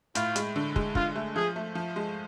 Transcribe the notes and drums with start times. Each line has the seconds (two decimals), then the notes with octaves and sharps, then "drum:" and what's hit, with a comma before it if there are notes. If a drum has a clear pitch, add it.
0.15 A2 F4, drum: hi-hat
0.36 G#3, drum: hi-hat
0.56 D3
0.76 G#3, drum: kick
0.95 D3 F4, drum: kick
1.15 A3
1.36 F3 G#4
1.56 A3
1.75 F3
1.96 G#3